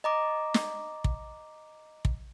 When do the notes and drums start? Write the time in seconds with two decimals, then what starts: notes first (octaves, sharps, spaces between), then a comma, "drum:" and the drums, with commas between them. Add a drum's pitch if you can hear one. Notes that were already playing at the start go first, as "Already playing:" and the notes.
0.04 D#5 A#5 D6
0.54 drum: snare
1.04 drum: kick
2.05 drum: kick